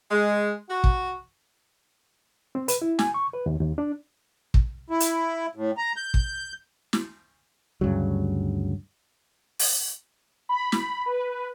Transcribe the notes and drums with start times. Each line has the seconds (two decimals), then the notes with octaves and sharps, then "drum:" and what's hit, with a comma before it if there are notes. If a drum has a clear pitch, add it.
0.10 G#3
0.68 F#4
0.84 drum: kick
2.55 C4
2.68 B4, drum: hi-hat
2.82 E4
2.99 G#5, drum: snare
3.14 C#6
3.33 B4
3.46 D#2
3.60 D#2
3.78 D4
4.54 drum: kick
4.90 E4
5.00 drum: hi-hat
5.55 A2
5.78 A#5
5.96 G6
6.14 drum: kick
6.93 drum: snare
7.81 D2 G2 C#3 F#3
9.59 drum: open hi-hat
10.49 B5
10.72 drum: snare
11.06 B4